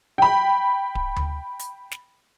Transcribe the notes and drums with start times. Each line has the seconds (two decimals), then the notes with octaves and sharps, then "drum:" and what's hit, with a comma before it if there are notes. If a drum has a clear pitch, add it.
0.18 G5 B5
0.95 drum: kick D1
1.16 drum: tom D2
1.59 drum: hi-hat
1.91 drum: snare